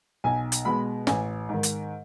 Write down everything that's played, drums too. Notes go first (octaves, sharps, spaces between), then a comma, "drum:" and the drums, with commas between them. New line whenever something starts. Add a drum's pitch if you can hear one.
B1 G#5
drum: hi-hat
B2 G#3 B5
A1 G#5, drum: snare
G#2 D#3
drum: hi-hat